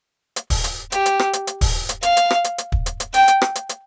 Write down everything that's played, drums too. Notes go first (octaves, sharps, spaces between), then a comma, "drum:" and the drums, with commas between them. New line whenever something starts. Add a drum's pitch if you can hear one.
drum: hi-hat
drum: kick, open hi-hat
drum: hi-hat
G4, drum: hi-hat
drum: hi-hat
drum: rim click
drum: hi-hat
drum: hi-hat
drum: kick, open hi-hat
drum: hi-hat
F5, drum: hi-hat
drum: hi-hat
drum: rim click
drum: hi-hat
drum: hi-hat
drum: kick
drum: hi-hat
drum: hi-hat
G5, drum: hi-hat
drum: hi-hat
drum: rim click
drum: hi-hat
drum: hi-hat